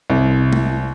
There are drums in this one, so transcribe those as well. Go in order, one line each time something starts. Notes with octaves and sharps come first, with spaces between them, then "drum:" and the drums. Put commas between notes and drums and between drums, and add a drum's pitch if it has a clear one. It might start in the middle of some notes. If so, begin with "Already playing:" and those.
C2
drum: tom G#3